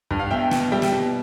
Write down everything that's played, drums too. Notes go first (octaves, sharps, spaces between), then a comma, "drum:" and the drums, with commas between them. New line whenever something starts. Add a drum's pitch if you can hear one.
G2, drum: kick
F5
B2 E5 G5
B2, drum: snare
G3 E5 G5
drum: snare
B2